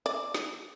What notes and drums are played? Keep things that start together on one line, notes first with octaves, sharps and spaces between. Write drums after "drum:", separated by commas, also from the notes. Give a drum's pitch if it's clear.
D5, drum: hi-hat
drum: snare